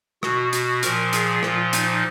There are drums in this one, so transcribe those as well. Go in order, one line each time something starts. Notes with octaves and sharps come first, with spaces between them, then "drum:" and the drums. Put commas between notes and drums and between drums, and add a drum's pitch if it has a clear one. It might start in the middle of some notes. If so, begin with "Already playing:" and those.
B2 F#4, drum: rim click
F#4, drum: hi-hat
A#2 F3 A#4, drum: hi-hat
G#4, drum: hi-hat
A#2 F3 F4, drum: rim click
D#4, drum: hi-hat